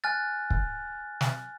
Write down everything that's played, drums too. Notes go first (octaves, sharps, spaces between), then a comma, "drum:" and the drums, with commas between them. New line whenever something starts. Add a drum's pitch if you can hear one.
G#5 F6 F#6 A6
drum: kick
drum: snare